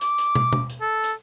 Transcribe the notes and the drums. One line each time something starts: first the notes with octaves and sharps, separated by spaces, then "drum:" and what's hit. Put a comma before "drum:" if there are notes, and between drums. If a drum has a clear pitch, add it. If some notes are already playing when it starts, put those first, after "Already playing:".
D6, drum: hi-hat
drum: hi-hat
drum: tom
drum: tom
drum: hi-hat
A4
drum: hi-hat